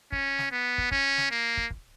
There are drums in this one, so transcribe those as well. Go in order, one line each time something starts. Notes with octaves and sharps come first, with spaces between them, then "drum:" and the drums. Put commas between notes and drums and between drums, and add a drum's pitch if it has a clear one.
C#4, drum: kick
drum: snare
B3
drum: kick
C#4, drum: kick
drum: snare
A#3
drum: kick
drum: kick